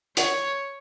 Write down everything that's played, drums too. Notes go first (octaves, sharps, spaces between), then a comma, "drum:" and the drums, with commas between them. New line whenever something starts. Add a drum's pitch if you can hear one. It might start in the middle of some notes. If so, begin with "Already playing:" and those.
C#5, drum: hi-hat